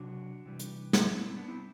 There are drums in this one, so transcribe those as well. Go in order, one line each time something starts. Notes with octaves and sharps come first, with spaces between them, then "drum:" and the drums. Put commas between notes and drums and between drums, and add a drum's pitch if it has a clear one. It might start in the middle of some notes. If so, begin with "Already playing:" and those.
Already playing: C3 F#3 D4 F#4
C3 E3 G3
drum: hi-hat
drum: snare
A2 C4 E4
G3
C4 E4
B3 D4
C4 E4